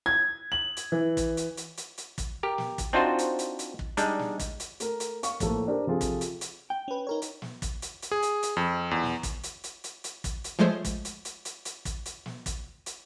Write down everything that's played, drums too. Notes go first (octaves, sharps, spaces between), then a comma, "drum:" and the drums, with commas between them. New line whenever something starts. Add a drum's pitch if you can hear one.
G#6
F#7
drum: hi-hat
E3
drum: kick, hi-hat
drum: hi-hat
drum: hi-hat
drum: hi-hat
drum: hi-hat
drum: kick, hi-hat
G4 A#4
drum: snare
drum: kick, hi-hat
C4 D4 D#4 F4 F#4 C5
drum: hi-hat
drum: hi-hat
drum: hi-hat
drum: kick
G3 G#3 D4 D#4, drum: hi-hat
drum: snare
drum: kick, hi-hat
drum: hi-hat
A3 A#4, drum: hi-hat
drum: hi-hat
F5 C#6, drum: hi-hat
A2 F3 A3 A#3, drum: kick, hi-hat
D4 G4 A#4 C5
C3 F3 F4 G#4 A4
drum: kick, hi-hat
drum: hi-hat
drum: hi-hat
G5
C#4 B4
D#4 A#4 C#5
drum: hi-hat
drum: snare
drum: kick, hi-hat
drum: hi-hat
drum: hi-hat
G#4
drum: hi-hat
drum: hi-hat
F2
E2
drum: snare
drum: kick, hi-hat
drum: hi-hat
drum: hi-hat
drum: hi-hat
drum: hi-hat
drum: kick, hi-hat
drum: hi-hat
F3 G#3 A3 C5 C#5
drum: kick, hi-hat
drum: hi-hat
drum: hi-hat
drum: hi-hat
drum: hi-hat
drum: kick, hi-hat
drum: hi-hat
drum: snare
drum: kick, hi-hat
drum: hi-hat